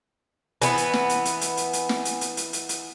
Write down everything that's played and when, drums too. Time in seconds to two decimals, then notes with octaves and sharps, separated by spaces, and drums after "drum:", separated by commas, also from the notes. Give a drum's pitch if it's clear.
0.62 E3 B3, drum: hi-hat
0.78 drum: hi-hat
0.93 drum: snare
1.09 drum: hi-hat
1.25 drum: hi-hat
1.41 drum: hi-hat
1.57 drum: hi-hat
1.73 drum: hi-hat
1.89 drum: snare
2.05 drum: hi-hat
2.21 drum: hi-hat
2.37 drum: hi-hat
2.53 drum: hi-hat
2.69 drum: hi-hat